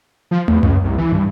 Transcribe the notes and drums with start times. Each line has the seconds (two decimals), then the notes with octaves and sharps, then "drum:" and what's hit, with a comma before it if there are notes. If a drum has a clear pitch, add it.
0.31 F3
0.48 E2, drum: tom
0.63 C#2, drum: tom F#2
0.84 C2
0.98 E3
1.12 G2